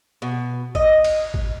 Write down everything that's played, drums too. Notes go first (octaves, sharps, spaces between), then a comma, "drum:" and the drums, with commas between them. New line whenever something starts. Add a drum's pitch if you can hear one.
B2
D#5, drum: kick G#1
drum: cymbal
drum: kick G#1